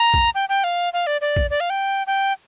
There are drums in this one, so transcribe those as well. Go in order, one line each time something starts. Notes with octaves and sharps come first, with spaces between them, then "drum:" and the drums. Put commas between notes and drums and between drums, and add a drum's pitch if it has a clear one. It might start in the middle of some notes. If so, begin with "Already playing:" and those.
Already playing: A#5
drum: kick
G5
G5
F5
F5
D5
D5
drum: kick
D5
F5
G5
G5